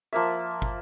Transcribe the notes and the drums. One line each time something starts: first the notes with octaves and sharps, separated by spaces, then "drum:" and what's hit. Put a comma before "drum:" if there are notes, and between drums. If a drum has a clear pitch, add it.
F3 A#3 E5
drum: kick